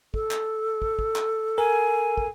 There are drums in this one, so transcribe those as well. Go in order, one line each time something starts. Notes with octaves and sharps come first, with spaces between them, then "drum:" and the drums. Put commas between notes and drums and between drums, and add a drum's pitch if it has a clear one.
A4, drum: kick
drum: clap
drum: kick
drum: kick
drum: clap
A#4 G#5
drum: kick